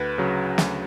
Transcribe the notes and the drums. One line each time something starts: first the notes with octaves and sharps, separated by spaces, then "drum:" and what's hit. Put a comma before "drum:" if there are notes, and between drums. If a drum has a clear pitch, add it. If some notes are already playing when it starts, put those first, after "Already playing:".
Already playing: D2 B4
C#3 F#3
D2, drum: snare